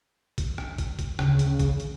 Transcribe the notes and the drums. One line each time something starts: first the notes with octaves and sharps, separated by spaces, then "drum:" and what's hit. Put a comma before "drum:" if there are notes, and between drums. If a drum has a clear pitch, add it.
drum: kick, hi-hat
drum: rim click
drum: kick, hi-hat
drum: kick, hi-hat
D2 C#3, drum: rim click
drum: hi-hat
drum: kick, hi-hat
drum: hi-hat